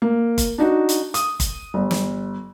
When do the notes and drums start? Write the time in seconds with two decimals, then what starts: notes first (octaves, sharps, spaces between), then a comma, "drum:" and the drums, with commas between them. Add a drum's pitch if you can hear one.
0.02 A#3
0.38 drum: kick, hi-hat
0.58 D4 D#4 F#4
0.89 drum: hi-hat
1.14 D#6, drum: hi-hat
1.40 drum: kick, hi-hat
1.74 G1
1.91 drum: snare